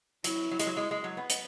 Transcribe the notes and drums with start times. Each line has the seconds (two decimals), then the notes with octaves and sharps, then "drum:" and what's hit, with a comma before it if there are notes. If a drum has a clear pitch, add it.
0.24 F#3 E4, drum: hi-hat
0.51 F#3
0.59 G#3, drum: hi-hat
0.67 F#3
0.77 G#3
0.91 G#3
1.04 F#3
1.17 B3
1.30 drum: hi-hat